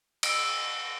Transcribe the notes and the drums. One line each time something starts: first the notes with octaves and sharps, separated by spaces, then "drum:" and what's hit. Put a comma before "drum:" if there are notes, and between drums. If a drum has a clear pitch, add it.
E6 D7, drum: cymbal